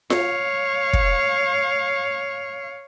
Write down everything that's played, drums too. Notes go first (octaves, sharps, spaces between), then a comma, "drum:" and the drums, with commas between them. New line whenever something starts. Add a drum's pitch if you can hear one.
C#5 F5, drum: snare F4
drum: kick